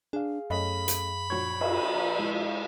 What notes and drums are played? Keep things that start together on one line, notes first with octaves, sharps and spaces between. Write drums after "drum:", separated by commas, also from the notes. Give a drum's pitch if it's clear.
D4 G#4 F5
F#2 A3 C#4 D#5 B5
drum: hi-hat
A#1 F#4 C#5 C#6 G#6
drum: cymbal
D5 F5 A#5
G#3 E4